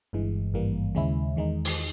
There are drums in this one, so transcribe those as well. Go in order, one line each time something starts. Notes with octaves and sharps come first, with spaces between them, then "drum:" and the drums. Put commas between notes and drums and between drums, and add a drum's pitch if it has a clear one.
G1 G2 E3 G#3
G#1 G2 E3 G3 A#3
D#2 C#3 G#3 C#4 E4
E2 D#3 G#3 D#4
drum: open hi-hat